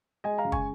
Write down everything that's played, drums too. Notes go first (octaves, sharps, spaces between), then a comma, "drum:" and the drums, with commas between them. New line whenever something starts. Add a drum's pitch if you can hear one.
G#3 D#5 G#5
F5 A#5
C#3
G#5 C#6, drum: kick